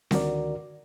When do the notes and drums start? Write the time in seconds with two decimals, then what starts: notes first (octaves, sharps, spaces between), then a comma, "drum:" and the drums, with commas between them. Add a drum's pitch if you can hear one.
0.11 D2 D3 D#3 F#4 A#4 D5, drum: snare C4